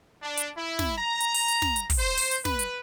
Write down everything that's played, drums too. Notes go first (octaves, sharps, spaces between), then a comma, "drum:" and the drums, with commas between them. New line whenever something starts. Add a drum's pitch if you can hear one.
D4
drum: hi-hat
E4
drum: snare
A#5
drum: hi-hat
drum: open hi-hat
drum: hi-hat
drum: snare
drum: hi-hat
drum: kick, open hi-hat
C5
drum: open hi-hat
drum: hi-hat
B4, drum: snare
drum: hi-hat